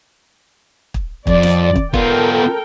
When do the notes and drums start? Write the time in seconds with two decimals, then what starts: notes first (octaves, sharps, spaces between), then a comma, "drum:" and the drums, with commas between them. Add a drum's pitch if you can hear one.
0.94 drum: kick
1.27 F2 D5, drum: kick
1.43 drum: snare
1.76 drum: kick
1.94 B3 F4 A4 A#4 G5, drum: kick